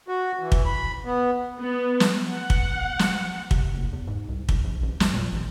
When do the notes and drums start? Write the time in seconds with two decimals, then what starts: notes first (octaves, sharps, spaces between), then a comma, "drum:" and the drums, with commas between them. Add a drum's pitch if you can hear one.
0.08 F#4
0.40 E3
0.52 drum: kick
0.65 B5
1.05 B3
1.59 B3
2.00 drum: snare
2.32 F#5
2.50 drum: kick
2.99 drum: snare
3.51 C3, drum: kick
3.74 F#1
3.93 E2
4.07 G#2
4.28 C2
4.49 B1, drum: kick
4.64 A#1
4.82 A1
5.00 E2, drum: snare
5.14 A#2
5.32 A1